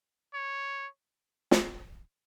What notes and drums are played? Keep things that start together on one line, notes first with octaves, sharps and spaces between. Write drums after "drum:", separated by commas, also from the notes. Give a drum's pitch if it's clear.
C#5
drum: snare